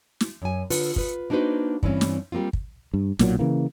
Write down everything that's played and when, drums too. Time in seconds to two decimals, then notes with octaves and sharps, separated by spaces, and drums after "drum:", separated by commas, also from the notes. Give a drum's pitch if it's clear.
0.20 drum: snare
0.42 F#2 G#5
0.70 D3 F4 B4, drum: open hi-hat
0.96 F4 B4, drum: kick
1.30 A#3 D4 D#4 F#4 B4 C5
1.83 G2 E3 C4 C#4, drum: kick
2.01 drum: snare
2.32 G3 A#3 C4 F4
2.53 drum: kick
2.94 G2
3.19 B1 A#2 F#3, drum: snare
3.39 C#3 E3 A#3